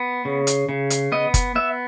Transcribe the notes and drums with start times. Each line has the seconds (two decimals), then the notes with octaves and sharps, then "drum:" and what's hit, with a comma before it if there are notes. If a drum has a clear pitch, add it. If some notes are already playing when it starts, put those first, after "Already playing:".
Already playing: B3
0.25 C#3
0.47 drum: hi-hat
0.69 C#3
0.90 drum: hi-hat
1.12 B3 D#5
1.34 drum: kick F#1, hi-hat
1.55 B3 E5